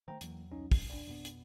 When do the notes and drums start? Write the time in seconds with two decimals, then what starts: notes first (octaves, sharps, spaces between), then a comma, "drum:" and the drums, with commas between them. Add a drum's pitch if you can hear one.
0.08 D#3 E3 A3 C5 G5 A#5
0.21 E2 E3 F#3 A#3, drum: hi-hat
0.51 C2 C#4 D#4
0.72 C7, drum: kick, open hi-hat
0.90 A1 D4 D5
1.07 F2 B2 B3
1.25 drum: hi-hat